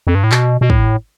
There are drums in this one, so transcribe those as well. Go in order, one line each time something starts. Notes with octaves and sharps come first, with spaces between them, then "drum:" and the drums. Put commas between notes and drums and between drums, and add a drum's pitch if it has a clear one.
F2
G2
A2
B2, drum: clap
B2
A2, drum: kick